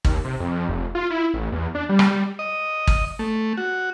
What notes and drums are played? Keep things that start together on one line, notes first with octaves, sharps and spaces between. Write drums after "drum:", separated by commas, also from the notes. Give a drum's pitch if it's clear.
D#2, drum: kick G#1
C3
F2
F1
F4
E4
A1
E2
D4
G3
drum: rim click
G3
D#5
drum: kick G#1
A3
F#4